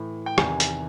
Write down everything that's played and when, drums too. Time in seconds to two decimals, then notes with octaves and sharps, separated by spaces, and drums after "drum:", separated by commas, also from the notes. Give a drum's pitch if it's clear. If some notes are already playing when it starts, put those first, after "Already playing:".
Already playing: A2 E3
0.26 G5
0.38 E2 C3 D#3 G#5, drum: rim click
0.60 drum: hi-hat